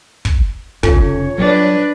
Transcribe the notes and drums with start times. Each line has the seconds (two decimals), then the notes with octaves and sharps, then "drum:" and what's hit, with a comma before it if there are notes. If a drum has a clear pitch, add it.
0.25 drum: kick
0.83 F1 C#3 C#4 F4 A4 C#5 G#5, drum: kick
1.38 F#3 G3 D4 B4